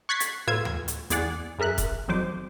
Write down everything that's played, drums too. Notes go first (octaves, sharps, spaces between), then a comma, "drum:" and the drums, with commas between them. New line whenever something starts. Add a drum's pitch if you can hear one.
C#6 F#6 G#6 A6 B6 C7
drum: hi-hat
A2 B3 F4 F5 E6 G#6
drum: tom D2
drum: hi-hat
E2 G#4 D5 F#5, drum: hi-hat
F#2 G#4 A#4 E5 F#6
drum: kick E1, hi-hat
F2 D#3 F#3 C5 D6